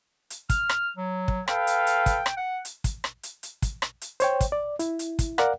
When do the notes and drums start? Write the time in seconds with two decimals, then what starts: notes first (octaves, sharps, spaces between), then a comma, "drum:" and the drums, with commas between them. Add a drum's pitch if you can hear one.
0.30 drum: hi-hat
0.50 F6, drum: kick, hi-hat
0.69 drum: rim click
0.97 F#3
1.28 drum: kick
1.48 A4 B4 F5 G5, drum: rim click
1.67 drum: hi-hat
1.87 drum: hi-hat
2.06 drum: kick, hi-hat
2.26 drum: rim click
2.37 F#5
2.65 drum: hi-hat
2.84 drum: kick, hi-hat
3.04 drum: rim click
3.23 drum: hi-hat
3.43 drum: hi-hat
3.62 drum: kick, hi-hat
3.82 drum: rim click
4.01 drum: hi-hat
4.20 C5 C#5 G5, drum: hi-hat
4.41 drum: kick, hi-hat
4.52 D5
4.79 E4, drum: hi-hat
4.99 drum: hi-hat
5.19 drum: kick, hi-hat
5.38 A#4 D5 F5 F#5, drum: rim click